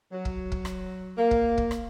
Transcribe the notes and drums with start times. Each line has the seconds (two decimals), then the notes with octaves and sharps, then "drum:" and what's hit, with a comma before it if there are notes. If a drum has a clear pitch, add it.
0.12 F#3
0.25 drum: kick
0.52 drum: kick
0.65 drum: rim click
1.18 A#3
1.31 drum: kick
1.58 drum: kick
1.71 drum: rim click